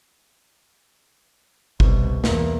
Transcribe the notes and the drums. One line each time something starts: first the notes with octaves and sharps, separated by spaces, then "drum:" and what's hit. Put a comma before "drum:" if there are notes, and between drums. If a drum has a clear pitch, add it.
C2 B2, drum: kick G1
E2 A#3, drum: snare